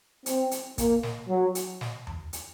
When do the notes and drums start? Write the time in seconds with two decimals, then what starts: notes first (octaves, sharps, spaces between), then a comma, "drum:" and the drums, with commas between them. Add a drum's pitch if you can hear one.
0.26 C4, drum: hi-hat
0.51 drum: hi-hat
0.78 A#3, drum: kick, hi-hat
1.03 drum: snare
1.29 F#3
1.55 drum: hi-hat
1.81 drum: snare
2.07 drum: tom E2
2.33 drum: hi-hat